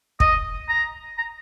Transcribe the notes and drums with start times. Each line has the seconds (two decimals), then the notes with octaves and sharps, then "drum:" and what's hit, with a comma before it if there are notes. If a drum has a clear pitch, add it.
0.20 D#5, drum: kick
0.69 A#5
1.18 A#5